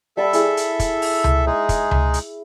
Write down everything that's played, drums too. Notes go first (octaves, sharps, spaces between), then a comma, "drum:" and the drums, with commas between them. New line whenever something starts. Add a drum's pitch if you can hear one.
G3 A4 E5 A5 B5
E4 G#4, drum: hi-hat
drum: hi-hat
drum: kick, hi-hat
drum: open hi-hat
drum: tom C#2
G#3 D#4 G#4 E5
drum: kick, hi-hat
drum: tom C#2
drum: hi-hat